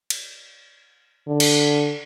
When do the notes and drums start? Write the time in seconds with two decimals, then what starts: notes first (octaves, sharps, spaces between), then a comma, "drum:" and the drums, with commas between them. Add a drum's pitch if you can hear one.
0.10 drum: cymbal
1.28 D3
1.40 drum: cymbal